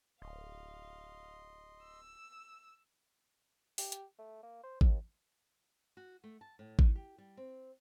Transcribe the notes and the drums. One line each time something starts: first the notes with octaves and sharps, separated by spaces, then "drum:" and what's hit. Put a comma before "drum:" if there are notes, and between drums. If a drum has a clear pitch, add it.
D1 D#5 F5 C6
E6
G4, drum: open hi-hat
drum: hi-hat
A3
A#3
C5
D#2, drum: kick G#1
F#4
A3
A5
A2
D#4, drum: kick G#1
G4
G3
C4